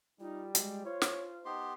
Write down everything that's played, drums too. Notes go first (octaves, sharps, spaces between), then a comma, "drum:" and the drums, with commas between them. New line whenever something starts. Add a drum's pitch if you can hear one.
G3 D#4 F4
G#3 F#4, drum: hi-hat
F4 C5 C#5
drum: snare
B3 D#4 G4 C6